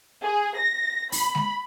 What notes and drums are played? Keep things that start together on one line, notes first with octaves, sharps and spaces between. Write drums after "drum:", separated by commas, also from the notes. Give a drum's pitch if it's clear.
G#4
A#6
B5, drum: open hi-hat
drum: snare G#3